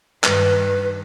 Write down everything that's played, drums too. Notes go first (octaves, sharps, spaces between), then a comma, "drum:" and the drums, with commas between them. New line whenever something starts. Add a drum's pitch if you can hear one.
G2 D#3 B4, drum: clap